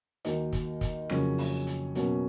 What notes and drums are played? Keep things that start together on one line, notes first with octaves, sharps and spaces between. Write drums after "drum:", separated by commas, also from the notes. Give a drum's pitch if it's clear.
D#2 D#3 A#3 D#4 F#4, drum: hi-hat
drum: kick, hi-hat
drum: kick, hi-hat
F2 C#3 F#3 A#3 C#4, drum: rim click
drum: open hi-hat
drum: hi-hat
B2 F#3 A#3 C#4, drum: hi-hat